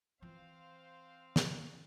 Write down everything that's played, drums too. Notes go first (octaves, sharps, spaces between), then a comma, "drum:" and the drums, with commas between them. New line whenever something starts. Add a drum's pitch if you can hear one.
E3 C4 F4 C5 F5
drum: snare